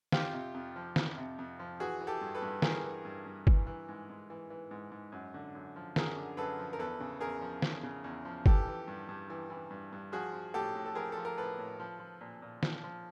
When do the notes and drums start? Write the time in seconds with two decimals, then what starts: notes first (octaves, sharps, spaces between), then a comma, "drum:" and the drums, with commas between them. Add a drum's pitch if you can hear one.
0.12 F2 F4 G4, drum: snare
0.33 C3
0.54 F2
0.76 F3
0.96 F2, drum: snare
1.18 C3
1.39 F2
1.59 F3
1.80 E3 F#4 G#4
2.00 E3
2.07 G4 A4
2.21 G2
2.35 A4 B4
2.42 G2
2.62 E3 G#4 A#4, drum: snare
2.84 E3
3.05 G2
3.26 G2
3.47 E3, drum: kick G1
3.67 E3
3.88 G#2
4.09 G#2
4.30 E3
4.50 E3
4.71 G#2
4.91 G#2
5.12 F#2
5.34 D3
5.55 F#2
5.76 F3
5.96 F#2 G#4 A#4, drum: snare
6.17 D3
6.37 F#2 A4 B4
6.59 F3
6.73 A#4
6.79 E2 A4 B4
7.00 C#3
7.21 E2 G#4 A#4
7.41 F3
7.62 E2, drum: snare
7.83 C#3
8.04 E2
8.25 F3
8.46 E3 G4 A4, drum: kick G1
8.67 E3
8.87 G2
9.09 G2
9.30 E3
9.50 E3
9.70 G2
9.92 G2
10.12 F3 F#4 G#4
10.33 F3
10.54 A2 G4 A4
10.75 A2
10.86 A4
10.95 F3 G#4 A#4
11.12 F3 A4
11.25 A#4
11.38 A2 A4 B4
11.58 A2
11.80 F3
11.99 F3
12.21 A#2
12.42 A#2
12.63 F3, drum: snare
12.84 F3